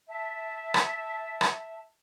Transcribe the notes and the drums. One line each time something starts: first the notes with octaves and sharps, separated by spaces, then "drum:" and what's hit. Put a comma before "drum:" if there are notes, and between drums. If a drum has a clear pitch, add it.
E5 A5
drum: rim click
drum: rim click